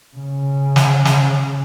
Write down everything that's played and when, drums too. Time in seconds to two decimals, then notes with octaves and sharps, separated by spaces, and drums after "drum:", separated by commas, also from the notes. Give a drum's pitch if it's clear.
0.17 C#3
0.76 drum: snare
1.05 drum: snare